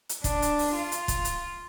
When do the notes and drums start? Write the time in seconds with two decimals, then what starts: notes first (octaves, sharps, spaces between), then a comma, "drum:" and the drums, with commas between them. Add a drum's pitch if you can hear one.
0.09 drum: hi-hat
0.24 D4, drum: kick, hi-hat
0.42 drum: hi-hat
0.59 drum: open hi-hat
0.75 F4
0.92 drum: hi-hat
1.08 drum: kick, hi-hat
1.25 drum: hi-hat